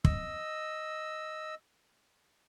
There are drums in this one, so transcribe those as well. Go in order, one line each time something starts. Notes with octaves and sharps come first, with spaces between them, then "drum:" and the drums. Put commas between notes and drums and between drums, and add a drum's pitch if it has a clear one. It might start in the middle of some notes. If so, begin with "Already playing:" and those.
D#5 E6, drum: kick